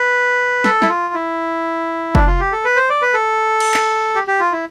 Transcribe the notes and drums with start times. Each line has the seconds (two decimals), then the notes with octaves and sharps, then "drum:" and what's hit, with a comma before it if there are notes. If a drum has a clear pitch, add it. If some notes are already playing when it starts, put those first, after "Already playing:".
Already playing: B4
0.64 A4, drum: snare
0.82 E4, drum: snare
0.89 F4
1.14 E4
2.15 D4, drum: kick
2.27 F4
2.40 G4
2.52 A4
2.65 B4
2.76 C5
2.90 D5
3.02 B4
3.14 A4
3.60 drum: cymbal
3.74 drum: clap
4.15 G4
4.27 G4
4.40 F4
4.52 E4